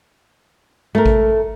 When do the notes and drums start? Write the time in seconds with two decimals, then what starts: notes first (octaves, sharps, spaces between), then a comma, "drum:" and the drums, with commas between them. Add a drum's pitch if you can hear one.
0.95 A3 A#4
1.06 drum: kick A1